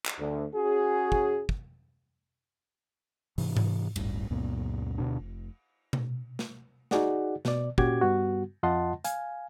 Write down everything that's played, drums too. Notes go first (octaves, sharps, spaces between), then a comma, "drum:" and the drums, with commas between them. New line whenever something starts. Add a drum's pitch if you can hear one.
drum: clap
D2
C#4 F#4 G#4
drum: kick
drum: kick
G#2 C3 E3, drum: open hi-hat
drum: tom G#2
D1 A1 E2 G2, drum: cymbal
C#2 F#2 A#2 B3
D2 B2 D4
F1
drum: tom B2
drum: snare
D#4 F#4 G#4 D5 F#5, drum: snare
B2 D5, drum: snare
A#2 C#4 F#4 G4 D6 G#6, drum: kick
G2 G3 B3 F#4
F2 F4 D#5 F#5 A5 C6
F5 G#5, drum: hi-hat